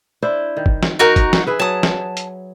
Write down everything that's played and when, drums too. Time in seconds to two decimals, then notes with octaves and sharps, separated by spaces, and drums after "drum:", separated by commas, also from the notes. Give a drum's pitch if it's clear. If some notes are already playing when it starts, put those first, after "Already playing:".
0.22 D4 E4 C5
0.57 D#3
0.66 drum: kick
0.83 drum: snare
0.99 D#4 F#4 A#4
1.16 drum: kick, hi-hat
1.33 drum: snare
1.47 G#4 B4 E5
1.60 F#3 A5 D#6
1.83 drum: snare
2.17 drum: hi-hat